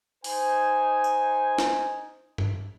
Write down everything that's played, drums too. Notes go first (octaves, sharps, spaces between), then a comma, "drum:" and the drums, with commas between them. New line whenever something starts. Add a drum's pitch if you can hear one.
D#4 C5 G#5, drum: open hi-hat
drum: tambourine
drum: snare
drum: tom G2